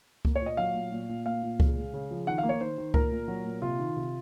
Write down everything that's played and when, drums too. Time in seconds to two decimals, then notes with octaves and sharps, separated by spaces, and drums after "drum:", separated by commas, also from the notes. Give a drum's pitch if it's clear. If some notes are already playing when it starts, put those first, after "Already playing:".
0.25 A#3, drum: kick C#2
0.36 C#5
0.41 A#2 D#5
0.57 F#3 F5
0.75 A#2
0.92 A#2
1.09 A#2
1.26 A#3 F5
1.43 A#2
1.60 C#3, drum: kick C#2
1.76 G#3
1.94 C#3
2.11 F3
2.27 D#3 F#5
2.38 F5
2.43 A#3
2.49 C#5
2.61 D#3 C5
2.78 D#3
2.94 A#2 A#4, drum: kick C#2
3.12 A#2
3.28 F#3
3.45 A#2
3.62 C3 F4
3.79 D#3
3.97 C3